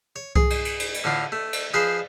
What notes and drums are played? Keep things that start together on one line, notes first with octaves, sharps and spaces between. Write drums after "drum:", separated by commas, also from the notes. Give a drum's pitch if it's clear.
C#5
G#4, drum: kick C2
drum: cymbal
drum: cymbal
drum: cymbal
drum: cymbal
A2 D3 F4
A3
drum: cymbal
F3 G#4 B4 C5